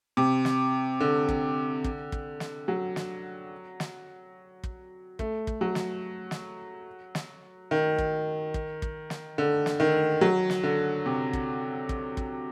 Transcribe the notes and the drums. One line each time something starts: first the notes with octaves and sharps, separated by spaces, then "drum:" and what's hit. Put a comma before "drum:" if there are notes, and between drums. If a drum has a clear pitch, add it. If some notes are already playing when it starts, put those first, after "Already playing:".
C3
drum: snare
D3
drum: kick
drum: kick
drum: kick
drum: snare
F#3
drum: snare
drum: snare
drum: kick
A3, drum: kick
drum: kick
F#3
drum: snare
drum: snare
drum: snare
D#3
drum: kick
drum: kick
drum: kick
drum: snare
D3
drum: snare
D#3
F#3
drum: snare
D3
C3
drum: kick
drum: kick
drum: kick